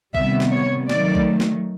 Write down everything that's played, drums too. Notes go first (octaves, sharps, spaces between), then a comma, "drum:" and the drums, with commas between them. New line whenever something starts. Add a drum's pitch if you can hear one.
C3 D#3 G3 B3 E5, drum: kick A#1
drum: snare
C#5
D#3 F#3 A3 D5, drum: snare
drum: kick A#1
drum: snare